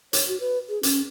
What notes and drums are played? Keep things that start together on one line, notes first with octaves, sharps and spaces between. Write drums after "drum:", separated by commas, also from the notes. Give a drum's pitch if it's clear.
C#5, drum: hi-hat
F#4
B4
G#4
C#4, drum: hi-hat